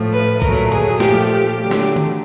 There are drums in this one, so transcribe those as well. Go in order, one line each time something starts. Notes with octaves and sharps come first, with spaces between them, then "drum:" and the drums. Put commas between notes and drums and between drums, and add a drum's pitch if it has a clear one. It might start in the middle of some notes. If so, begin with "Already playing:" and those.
Already playing: A2 F3 A3
B4
A#2 F#3 A3 A#4, drum: kick
G#4, drum: tom G2
A#2 F3 A3 G4, drum: snare
G4
D3 F#3 A3 G4
drum: snare
drum: tom